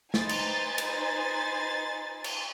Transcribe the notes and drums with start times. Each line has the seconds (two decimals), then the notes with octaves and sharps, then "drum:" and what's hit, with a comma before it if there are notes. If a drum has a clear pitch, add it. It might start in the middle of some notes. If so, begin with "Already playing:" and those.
0.14 D#4 B4 C5 G#5 A6, drum: snare
0.29 drum: cymbal
0.78 drum: cymbal
2.24 drum: cymbal